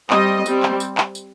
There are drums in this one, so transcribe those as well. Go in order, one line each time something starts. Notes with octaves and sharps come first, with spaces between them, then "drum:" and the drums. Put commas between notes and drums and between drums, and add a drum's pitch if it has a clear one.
G3 C4 D#5, drum: clap
G3 C4, drum: tambourine
drum: clap
drum: tambourine
drum: clap
drum: tambourine